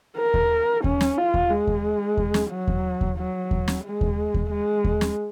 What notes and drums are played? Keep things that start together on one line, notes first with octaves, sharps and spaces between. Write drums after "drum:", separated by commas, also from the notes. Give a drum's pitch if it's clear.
A#4
drum: kick D#2
C#4, drum: kick D#2
drum: snare
F4
drum: kick D#2
G#3
drum: kick D#2
drum: kick D#2
drum: snare
F#3
drum: kick D#2
drum: kick D#2
F#3
drum: kick D#2
drum: snare
G#3
drum: kick D#2
drum: kick D#2
G#3
drum: kick D#2
drum: snare